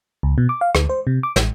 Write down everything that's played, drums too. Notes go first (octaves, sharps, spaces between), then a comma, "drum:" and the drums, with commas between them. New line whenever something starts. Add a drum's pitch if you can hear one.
C#2
B2
D6
F5
D2, drum: rim click
C5
C3
D6
A1, drum: snare